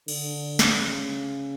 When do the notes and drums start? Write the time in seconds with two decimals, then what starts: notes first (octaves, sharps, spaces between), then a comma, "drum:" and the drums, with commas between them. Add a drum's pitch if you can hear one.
0.08 D3, drum: cymbal
0.59 drum: snare
0.70 C#3